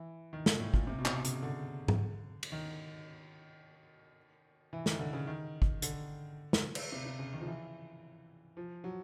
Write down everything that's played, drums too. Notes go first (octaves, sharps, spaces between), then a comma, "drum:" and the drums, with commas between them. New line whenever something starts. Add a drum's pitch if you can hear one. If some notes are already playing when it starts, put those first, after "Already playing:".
Already playing: E3
D#3
A#2, drum: snare
A2
A#2, drum: kick
C3
B2
C3, drum: clap
C#3, drum: hi-hat
D3
drum: tom G#2
drum: cymbal
D#3
E3
D#3, drum: snare
D3
C#3
D#3
drum: kick
D3, drum: hi-hat
drum: snare
drum: cymbal
C3
C3
C#3
D#3
F3
E3
F3
F#3